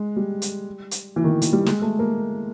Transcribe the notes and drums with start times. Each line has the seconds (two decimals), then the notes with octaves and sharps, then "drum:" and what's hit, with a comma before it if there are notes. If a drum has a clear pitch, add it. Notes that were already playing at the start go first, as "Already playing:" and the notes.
Already playing: G#3
0.16 G3
0.42 drum: hi-hat
0.91 drum: hi-hat
1.16 E3
1.24 D#3
1.28 E3
1.42 D#3, drum: hi-hat
1.53 G3
1.66 G#3, drum: snare
1.82 A3
1.99 A#3